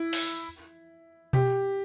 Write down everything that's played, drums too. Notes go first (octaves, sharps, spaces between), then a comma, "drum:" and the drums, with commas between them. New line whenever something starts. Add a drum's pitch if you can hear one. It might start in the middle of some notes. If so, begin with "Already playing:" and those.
Already playing: E4
drum: open hi-hat
G4, drum: tom B2